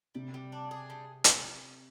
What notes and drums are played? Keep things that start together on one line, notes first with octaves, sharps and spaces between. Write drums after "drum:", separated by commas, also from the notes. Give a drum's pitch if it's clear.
C3 G3
G3
D4
G#4
G3
drum: hi-hat